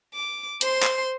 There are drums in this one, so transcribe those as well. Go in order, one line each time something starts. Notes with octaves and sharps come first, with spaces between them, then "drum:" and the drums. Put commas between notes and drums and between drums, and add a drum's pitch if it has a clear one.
D6
C5 C6, drum: hi-hat
drum: clap